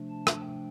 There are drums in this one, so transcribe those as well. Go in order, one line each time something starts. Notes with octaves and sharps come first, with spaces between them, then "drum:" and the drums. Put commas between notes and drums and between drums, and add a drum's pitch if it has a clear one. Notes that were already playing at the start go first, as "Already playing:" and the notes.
Already playing: C3 F3 A3 D4
A5
drum: rim click
G5